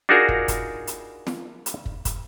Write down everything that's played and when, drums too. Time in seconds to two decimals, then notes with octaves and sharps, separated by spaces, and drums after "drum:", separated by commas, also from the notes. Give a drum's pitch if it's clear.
0.09 D4 D#4 F4 F#4 G#4 A#4
0.29 drum: kick
0.48 drum: kick, hi-hat
0.87 drum: hi-hat
1.27 drum: snare
1.66 drum: hi-hat
1.86 drum: kick
2.05 drum: kick, hi-hat